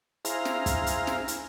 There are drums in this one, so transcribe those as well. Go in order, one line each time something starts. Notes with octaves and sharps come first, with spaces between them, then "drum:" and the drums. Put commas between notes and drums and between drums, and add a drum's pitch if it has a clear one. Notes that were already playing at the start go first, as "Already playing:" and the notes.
E4 G#4 C5 F5 A#5, drum: hi-hat
drum: snare
drum: kick, hi-hat
drum: hi-hat
drum: snare
drum: hi-hat